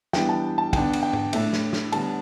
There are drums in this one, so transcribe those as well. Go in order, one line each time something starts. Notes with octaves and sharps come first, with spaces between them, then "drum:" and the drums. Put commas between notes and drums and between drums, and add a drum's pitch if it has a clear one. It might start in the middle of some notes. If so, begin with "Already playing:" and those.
E3 G3 B3 D4 G5, drum: snare
A5
A5
D3 B3 D4 G5, drum: kick, cymbal
drum: cymbal
G5
drum: tom
A2 A3 D4 E5, drum: cymbal
drum: snare
drum: snare
D3 G3 B3 D4 A5, drum: cymbal